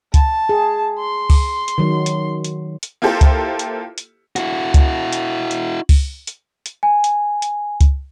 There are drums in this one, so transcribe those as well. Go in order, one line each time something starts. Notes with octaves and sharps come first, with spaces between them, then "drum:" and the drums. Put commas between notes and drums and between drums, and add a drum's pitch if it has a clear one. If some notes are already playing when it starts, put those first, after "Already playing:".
A5, drum: kick C#2, hi-hat
G#4
C6
drum: kick C#2, open hi-hat
drum: hi-hat
D#3 F#3
drum: hi-hat
drum: hi-hat
drum: hi-hat
A#3 E4 F4 G4 A4 C5
drum: kick C#2, hi-hat
drum: hi-hat
drum: hi-hat
E4 F#4, drum: hi-hat
drum: kick C#2, hi-hat
drum: hi-hat
drum: hi-hat
drum: kick C#2, open hi-hat
drum: hi-hat
drum: hi-hat
G#5
drum: hi-hat
drum: hi-hat
drum: kick C#2, hi-hat